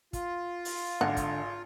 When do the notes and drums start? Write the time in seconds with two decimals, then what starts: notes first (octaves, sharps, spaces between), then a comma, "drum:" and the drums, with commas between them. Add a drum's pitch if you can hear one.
0.13 F4, drum: kick, hi-hat
0.65 drum: open hi-hat
1.01 G#1 D3 F#5
1.17 drum: kick, hi-hat